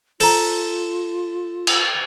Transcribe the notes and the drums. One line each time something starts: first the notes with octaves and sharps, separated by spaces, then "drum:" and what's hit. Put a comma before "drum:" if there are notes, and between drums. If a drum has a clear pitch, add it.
F4 A4 C5 A#5, drum: open hi-hat
drum: cymbal